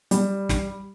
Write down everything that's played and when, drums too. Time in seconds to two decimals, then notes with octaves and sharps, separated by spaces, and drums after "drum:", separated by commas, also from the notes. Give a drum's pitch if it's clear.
0.11 G3, drum: hi-hat
0.49 drum: snare